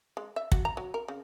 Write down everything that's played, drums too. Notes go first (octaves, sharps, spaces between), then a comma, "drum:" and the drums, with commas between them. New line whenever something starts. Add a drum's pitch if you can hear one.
G#3
E5
F#4, drum: kick
A#5
F#3
A#4
C#3